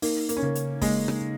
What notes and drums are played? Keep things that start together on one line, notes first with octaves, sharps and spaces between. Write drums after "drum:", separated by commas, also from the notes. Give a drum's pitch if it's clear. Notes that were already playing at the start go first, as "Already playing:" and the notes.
A#3 D#4, drum: open hi-hat
A#3, drum: hi-hat
C#4
C#3 A#3
drum: hi-hat
G#3 A#3, drum: kick, open hi-hat
drum: rim click
C#3